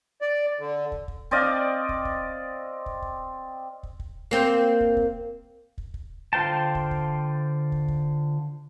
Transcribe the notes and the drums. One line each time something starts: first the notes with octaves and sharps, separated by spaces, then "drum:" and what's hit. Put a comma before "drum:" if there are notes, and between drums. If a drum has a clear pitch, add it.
D5
D3
drum: kick
drum: kick
C4 D5 D#5 F5
drum: kick
drum: kick
drum: kick
drum: kick
drum: kick
drum: kick
A#3 C4 C5
drum: kick
drum: kick
drum: kick
drum: kick
D3 F4 C5 G5 A5
drum: kick
drum: kick
drum: kick
drum: kick